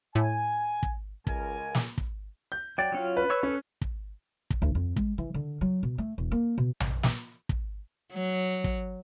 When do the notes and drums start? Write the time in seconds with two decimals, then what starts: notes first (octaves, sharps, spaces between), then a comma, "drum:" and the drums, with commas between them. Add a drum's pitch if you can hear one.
0.15 A2 G#5
0.83 drum: kick
1.27 C#2 A#4 G#5, drum: kick
1.75 drum: snare
1.98 drum: kick
2.52 G6
2.78 F#3 D5 G5
2.92 F#3 C#4 F4
3.17 B4
3.30 C#5 C#6 E6
3.43 C#4 A4 B4
3.81 drum: kick
4.50 drum: kick
4.62 D2
4.75 F2
4.96 G#3, drum: kick
5.18 E3
5.34 D3
5.61 F#3
5.83 B2
5.98 A3
6.18 E1
6.32 A#3
6.58 B2
6.80 drum: tom A#1
7.03 drum: snare
7.49 drum: kick
8.13 F#3
8.64 drum: kick